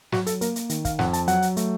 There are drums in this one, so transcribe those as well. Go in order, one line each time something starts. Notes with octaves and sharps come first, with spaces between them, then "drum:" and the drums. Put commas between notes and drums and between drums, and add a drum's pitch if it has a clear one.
F#3 F#4, drum: snare
A4, drum: hi-hat
A#3 A#4, drum: hi-hat
drum: hi-hat
D#3, drum: hi-hat
F5, drum: kick, hi-hat
F2 F#5, drum: snare
A5, drum: hi-hat
F#3 F#5, drum: hi-hat
drum: hi-hat
A3, drum: hi-hat